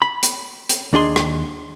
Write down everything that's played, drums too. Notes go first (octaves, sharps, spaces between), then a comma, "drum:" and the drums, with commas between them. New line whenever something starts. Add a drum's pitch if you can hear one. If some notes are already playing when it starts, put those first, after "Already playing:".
B5
drum: hi-hat
drum: hi-hat
D#2 D4 G#4 C6
drum: rim click